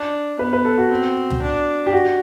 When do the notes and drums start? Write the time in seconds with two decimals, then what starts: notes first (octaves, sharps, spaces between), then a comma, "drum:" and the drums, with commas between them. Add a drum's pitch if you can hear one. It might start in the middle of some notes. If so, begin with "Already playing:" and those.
Already playing: D4
0.39 B3 B4
0.53 B4
0.65 A4
0.78 F#4
0.90 C4
1.30 drum: tom C#2
1.42 D4
1.87 G4
1.93 F#4